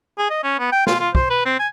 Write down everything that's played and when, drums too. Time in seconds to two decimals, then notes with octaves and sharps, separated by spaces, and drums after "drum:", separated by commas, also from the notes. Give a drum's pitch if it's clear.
0.18 G#4
0.30 D#5
0.43 C#4
0.59 B3
0.72 G5
0.87 F4, drum: snare
1.00 F4
1.15 C5, drum: kick
1.30 B4
1.46 C4
1.59 G#5